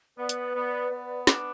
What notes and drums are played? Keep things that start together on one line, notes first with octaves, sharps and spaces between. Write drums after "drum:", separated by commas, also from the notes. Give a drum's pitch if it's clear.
B3 B4 D5
drum: hi-hat
B3
B3
D4, drum: snare